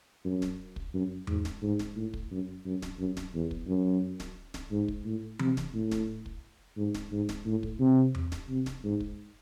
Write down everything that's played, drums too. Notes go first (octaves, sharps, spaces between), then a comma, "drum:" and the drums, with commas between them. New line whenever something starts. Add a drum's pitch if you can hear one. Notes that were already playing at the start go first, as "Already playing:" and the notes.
F#2
drum: snare
drum: kick
F#2
G#2, drum: tom E2
drum: snare
G#2
drum: snare
A2
drum: kick
F#2
F#2
drum: snare
F#2
drum: snare
E2
drum: kick
F#2
drum: snare
drum: snare
G#2
drum: kick
A2
C3, drum: tom E3
drum: snare
A2
drum: snare
drum: kick
G#2
drum: snare
G#2
drum: snare
A2
drum: kick
C3
drum: tom E2
drum: snare
C3
drum: snare
G#2
drum: kick